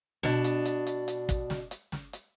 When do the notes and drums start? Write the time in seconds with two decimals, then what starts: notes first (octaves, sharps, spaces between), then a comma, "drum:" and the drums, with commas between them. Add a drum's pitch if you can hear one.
0.23 B2 D4, drum: snare
0.44 drum: hi-hat
0.65 drum: hi-hat
0.87 drum: hi-hat
1.08 drum: hi-hat
1.29 drum: kick, hi-hat
1.50 drum: snare
1.71 drum: hi-hat
1.92 drum: snare
2.13 drum: hi-hat